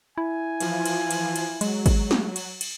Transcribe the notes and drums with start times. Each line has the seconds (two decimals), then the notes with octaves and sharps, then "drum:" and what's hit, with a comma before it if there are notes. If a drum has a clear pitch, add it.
0.18 E4 G#5
0.60 E3 F3 F4, drum: cymbal
0.86 drum: cymbal
1.11 drum: cymbal
1.36 drum: cymbal
1.61 F#3 G#3, drum: cymbal
1.86 drum: kick G#1, cymbal
2.11 drum: snare
2.36 drum: cymbal
2.61 drum: cymbal